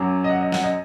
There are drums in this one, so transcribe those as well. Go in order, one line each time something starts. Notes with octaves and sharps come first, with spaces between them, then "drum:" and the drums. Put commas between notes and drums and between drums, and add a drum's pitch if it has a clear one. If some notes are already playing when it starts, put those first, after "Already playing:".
Already playing: F#2 F#3 D6
D#5
F#5
D#5
F#5, drum: snare
D#5